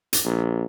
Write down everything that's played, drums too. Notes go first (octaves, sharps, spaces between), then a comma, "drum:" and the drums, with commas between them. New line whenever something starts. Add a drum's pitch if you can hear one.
drum: hi-hat
A#1